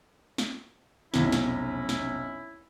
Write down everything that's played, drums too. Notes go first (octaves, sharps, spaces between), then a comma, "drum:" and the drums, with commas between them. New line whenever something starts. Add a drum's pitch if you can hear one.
drum: snare
F1 B1 E2 C#4 E4, drum: snare
drum: snare
drum: snare